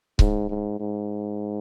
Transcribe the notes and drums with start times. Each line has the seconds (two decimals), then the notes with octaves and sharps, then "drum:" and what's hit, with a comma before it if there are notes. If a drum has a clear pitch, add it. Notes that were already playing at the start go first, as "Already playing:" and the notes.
0.19 G#2, drum: kick C#1
0.49 G#2
0.80 G#2